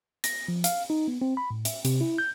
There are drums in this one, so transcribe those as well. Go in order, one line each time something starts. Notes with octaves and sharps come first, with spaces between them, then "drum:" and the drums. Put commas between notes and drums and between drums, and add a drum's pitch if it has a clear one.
A#6, drum: hi-hat
F3
F5, drum: hi-hat
D#4
B3
C4
B5
A2
E5, drum: hi-hat
C3, drum: hi-hat
E4
G6